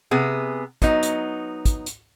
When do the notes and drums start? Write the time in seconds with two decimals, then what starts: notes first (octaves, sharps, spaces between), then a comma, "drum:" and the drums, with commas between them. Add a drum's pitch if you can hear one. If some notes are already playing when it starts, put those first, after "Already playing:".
0.11 C3 B3 G#4
0.82 F#3 B3 D#4, drum: kick, hi-hat
1.03 drum: hi-hat
1.65 drum: kick, hi-hat
1.86 drum: hi-hat